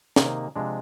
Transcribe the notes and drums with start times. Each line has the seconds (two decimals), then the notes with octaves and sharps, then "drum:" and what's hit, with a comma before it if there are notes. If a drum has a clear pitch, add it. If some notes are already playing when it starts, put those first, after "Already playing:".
0.16 C3 D#3 A#3 D#4 G#4, drum: snare
0.56 C3 F3 G#3 D4